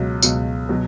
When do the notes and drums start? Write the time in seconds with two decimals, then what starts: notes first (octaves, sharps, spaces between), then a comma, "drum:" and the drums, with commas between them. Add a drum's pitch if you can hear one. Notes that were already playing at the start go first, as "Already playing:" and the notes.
Already playing: C#2 B2 F#3
0.23 C#2 B2 F#3, drum: tambourine
0.69 B2 F#3